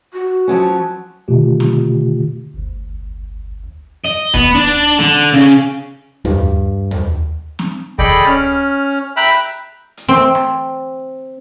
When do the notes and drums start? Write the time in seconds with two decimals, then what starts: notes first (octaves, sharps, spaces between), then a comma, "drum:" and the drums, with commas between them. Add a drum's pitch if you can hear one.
0.14 F#4
0.48 F3 F#3 C#4
1.28 B2 D3 D#3 A3 F4 G4
1.60 drum: snare C4
2.54 G1 D2
4.06 D#5
4.34 B3, drum: kick D2
4.55 D4
5.00 D3, drum: snare C4
5.34 C#3
6.25 G2, drum: tom D#2
6.91 drum: tom D#2
7.59 drum: snare C4
7.99 G#4 A4 D5 D#5 G5 B5, drum: kick D2
8.27 C#4 F6
9.17 E5 G5 A#5 B5 F#6, drum: open hi-hat
9.97 drum: hi-hat
10.08 C4
10.35 drum: rim click